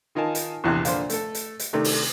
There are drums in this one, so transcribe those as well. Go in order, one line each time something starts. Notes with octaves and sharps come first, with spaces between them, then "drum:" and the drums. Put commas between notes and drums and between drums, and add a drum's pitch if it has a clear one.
D#3 D#4 F4 A#4 G#5 A5
drum: hi-hat
A#1 E2 C3 F#6
A#2 D3 F3 C5, drum: hi-hat
A3 A4, drum: hi-hat
drum: hi-hat
drum: hi-hat
C3 D#3 A3 D4
drum: open hi-hat